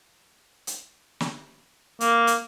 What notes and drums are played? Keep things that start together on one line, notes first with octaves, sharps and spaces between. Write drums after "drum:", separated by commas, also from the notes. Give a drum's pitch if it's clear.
drum: hi-hat
drum: snare
A#3, drum: hi-hat
drum: hi-hat